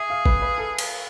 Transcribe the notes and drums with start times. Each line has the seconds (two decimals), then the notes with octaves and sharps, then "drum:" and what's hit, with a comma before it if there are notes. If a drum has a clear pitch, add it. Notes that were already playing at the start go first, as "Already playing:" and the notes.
Already playing: G#4 E5
0.10 F5
0.26 B4, drum: kick
0.42 B4
0.58 A4
0.79 drum: cymbal